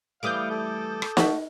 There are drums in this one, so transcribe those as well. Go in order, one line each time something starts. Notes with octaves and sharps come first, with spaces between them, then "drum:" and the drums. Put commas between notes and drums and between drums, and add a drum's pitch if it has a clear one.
E3 G3 A3 F5 D6 D#6 G6
A4
drum: rim click
A3 F#4, drum: snare